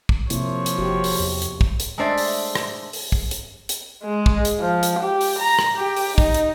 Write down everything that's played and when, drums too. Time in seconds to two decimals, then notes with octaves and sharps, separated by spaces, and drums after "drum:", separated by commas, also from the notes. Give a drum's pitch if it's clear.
0.09 drum: kick
0.30 C3 F3 A#3 E4 C#5, drum: hi-hat
0.66 drum: hi-hat
0.78 F#1 F#4 G4
1.04 drum: open hi-hat
1.19 E2
1.42 drum: hi-hat
1.61 drum: kick
1.80 drum: hi-hat
1.98 G#3 A3 D4 C5 D5 E5
2.18 drum: open hi-hat
2.55 drum: rim click
2.93 drum: open hi-hat
3.12 drum: kick
3.31 drum: hi-hat
3.69 drum: hi-hat
4.04 G#3
4.26 drum: kick
4.45 drum: hi-hat
4.60 F3
4.83 drum: hi-hat
5.00 G4
5.21 drum: open hi-hat
5.39 A#5
5.59 drum: rim click
5.78 G4
5.97 drum: open hi-hat
6.18 D#4, drum: kick
6.34 drum: hi-hat